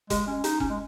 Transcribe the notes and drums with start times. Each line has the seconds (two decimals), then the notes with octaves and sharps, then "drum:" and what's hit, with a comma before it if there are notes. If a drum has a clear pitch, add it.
0.10 G#3, drum: kick F1, hi-hat
0.27 C#4
0.44 D#4, drum: hi-hat
0.60 C#4, drum: kick F1
0.70 G#3